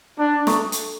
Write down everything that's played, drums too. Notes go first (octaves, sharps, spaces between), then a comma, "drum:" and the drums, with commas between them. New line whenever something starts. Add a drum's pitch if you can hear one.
D4
D4 A4 E5 A#5 C#6, drum: snare
drum: hi-hat